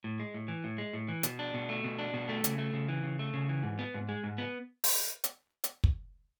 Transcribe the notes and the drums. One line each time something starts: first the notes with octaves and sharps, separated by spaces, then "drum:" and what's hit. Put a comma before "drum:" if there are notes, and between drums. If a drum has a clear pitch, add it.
A2
G#3
A2
E3
A2
G#3
A2
E3
B2, drum: hi-hat
D4
B2
A3
B2
D4
B2
A3
C#3, drum: hi-hat
A3
C#3
E3
C#3
A3
C#3
E3
G#2
B3
G#2
G#3
G#2
B3
drum: open hi-hat
drum: hi-hat
drum: hi-hat
drum: kick